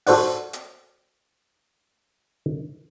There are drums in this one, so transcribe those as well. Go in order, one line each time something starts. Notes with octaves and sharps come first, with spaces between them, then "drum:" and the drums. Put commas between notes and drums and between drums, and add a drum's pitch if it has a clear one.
F#4 A4 C5 D5 F#5, drum: open hi-hat
drum: hi-hat